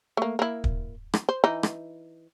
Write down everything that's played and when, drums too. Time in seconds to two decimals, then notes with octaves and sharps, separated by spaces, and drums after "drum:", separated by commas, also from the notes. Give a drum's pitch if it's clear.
0.17 A3 A#3
0.39 A#3 E4
0.64 drum: kick
1.14 drum: rim click
1.29 C5
1.44 E3 D#4
1.63 drum: rim click